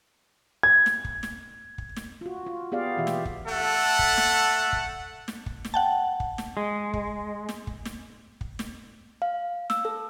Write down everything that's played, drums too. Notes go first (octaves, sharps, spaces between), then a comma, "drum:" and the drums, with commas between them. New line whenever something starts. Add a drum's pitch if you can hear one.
G#6
drum: snare
drum: kick
drum: snare
drum: kick
drum: snare
F4 F#4
F4
B3 F4 G4 G#4 D5 F5
B2 E3 F4 G4 E5
drum: snare
drum: kick
A3 A4 F#5
drum: kick
drum: snare
drum: kick
drum: snare
drum: kick
drum: snare
F#5 G5 A5
drum: kick
drum: snare
G#3
drum: kick
drum: snare
drum: kick
drum: snare
drum: kick
drum: snare
F5
E6, drum: snare
A4